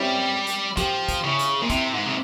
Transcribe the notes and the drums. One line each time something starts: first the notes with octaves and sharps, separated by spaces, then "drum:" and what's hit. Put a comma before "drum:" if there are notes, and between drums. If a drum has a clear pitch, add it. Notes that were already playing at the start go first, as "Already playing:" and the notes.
Already playing: G3 C4 C#4 E4 G4
drum: hi-hat
F3 G4, drum: kick, hi-hat
drum: kick, hi-hat
C#3 E4
drum: hi-hat
A#2
C3 E4, drum: kick, hi-hat
G#2
C3